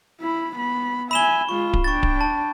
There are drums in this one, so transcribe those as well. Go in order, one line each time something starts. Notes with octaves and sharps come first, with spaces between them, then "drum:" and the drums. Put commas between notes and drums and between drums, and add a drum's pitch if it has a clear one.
E4 B5
B3 B5
E5 G#5 B5 E7 G7
G#3 F4 C#6
drum: kick D1
D4 G5 C#6 A6
drum: kick D1
A5